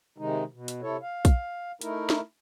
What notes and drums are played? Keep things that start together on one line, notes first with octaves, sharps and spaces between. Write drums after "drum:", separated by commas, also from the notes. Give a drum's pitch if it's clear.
C3 D#3 G#3 D#4
B2
drum: hi-hat
C3 E4 A4 C#5
F5
drum: kick, hi-hat
A3 D#4 E4 A#4, drum: hi-hat
drum: snare